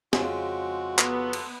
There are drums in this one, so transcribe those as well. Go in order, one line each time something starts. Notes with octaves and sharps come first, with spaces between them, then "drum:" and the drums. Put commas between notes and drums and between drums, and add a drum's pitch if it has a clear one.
F2 C#3 G#3 C4 F#4, drum: snare
B3 A4 A#5 C6, drum: clap
drum: cymbal